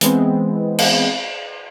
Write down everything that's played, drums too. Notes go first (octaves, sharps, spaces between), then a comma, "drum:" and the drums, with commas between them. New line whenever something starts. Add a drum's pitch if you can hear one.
E3 G#3 B3 C4, drum: hi-hat
drum: cymbal